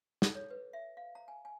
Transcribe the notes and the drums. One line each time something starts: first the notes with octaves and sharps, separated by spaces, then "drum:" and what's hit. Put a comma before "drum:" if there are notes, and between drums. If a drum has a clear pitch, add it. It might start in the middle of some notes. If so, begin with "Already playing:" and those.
A4, drum: snare
C#5
B4
E5
F5
A#5
G#5
G#5